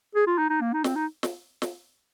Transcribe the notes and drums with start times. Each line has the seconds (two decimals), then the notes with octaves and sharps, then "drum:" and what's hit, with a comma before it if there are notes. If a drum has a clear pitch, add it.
0.15 G#4
0.27 F4
0.38 D#4
0.50 D#4
0.61 A#3
0.73 D#4
0.84 C4, drum: snare
0.96 D#4
1.23 drum: snare
1.62 drum: snare